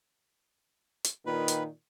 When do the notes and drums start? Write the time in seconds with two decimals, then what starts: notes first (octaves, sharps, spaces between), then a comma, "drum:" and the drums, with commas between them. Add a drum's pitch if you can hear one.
1.04 drum: hi-hat
1.26 A#2 D#3 B4
1.48 drum: hi-hat